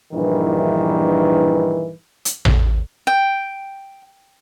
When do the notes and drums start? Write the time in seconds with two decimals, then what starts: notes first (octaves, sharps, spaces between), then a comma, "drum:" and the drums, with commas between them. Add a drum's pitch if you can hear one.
0.13 A#1 G2 D#3 E3
2.25 drum: hi-hat
2.45 drum: tom A1
3.07 G5